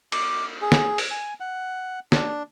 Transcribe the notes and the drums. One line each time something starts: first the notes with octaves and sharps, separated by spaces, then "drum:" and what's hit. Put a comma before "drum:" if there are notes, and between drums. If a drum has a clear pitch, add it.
D6, drum: cymbal
G#4
drum: snare
drum: open hi-hat
G#5
F#5
D4, drum: snare